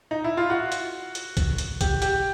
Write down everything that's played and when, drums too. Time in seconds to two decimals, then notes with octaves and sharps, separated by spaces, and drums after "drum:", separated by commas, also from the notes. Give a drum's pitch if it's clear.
0.11 D#4
0.24 E4
0.37 F4
0.50 F#4
0.72 drum: hi-hat
1.15 drum: hi-hat
1.37 drum: kick, hi-hat
1.58 drum: hi-hat
1.81 G4, drum: kick, hi-hat
2.02 G4, drum: hi-hat